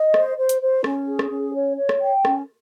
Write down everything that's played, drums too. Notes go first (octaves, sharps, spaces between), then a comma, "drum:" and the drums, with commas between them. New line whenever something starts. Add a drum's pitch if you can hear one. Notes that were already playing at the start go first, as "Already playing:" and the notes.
Already playing: D#5
C5, drum: rim click
C5
drum: hi-hat
C5
C#4, drum: rim click
G#4
drum: rim click
C#4
C#5
C#5
drum: rim click
G5
C#4, drum: rim click